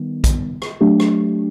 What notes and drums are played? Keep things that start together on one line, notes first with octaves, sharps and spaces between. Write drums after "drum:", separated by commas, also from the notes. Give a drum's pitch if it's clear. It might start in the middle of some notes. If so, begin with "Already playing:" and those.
Already playing: D#3 G3 B3
drum: kick, hi-hat
drum: rim click
F#3 A3 D4 G4
drum: rim click